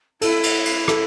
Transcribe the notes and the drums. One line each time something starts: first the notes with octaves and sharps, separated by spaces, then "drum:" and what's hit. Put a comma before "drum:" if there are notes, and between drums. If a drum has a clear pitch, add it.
E4 A4, drum: cymbal
drum: cymbal
drum: cymbal
A4, drum: rim click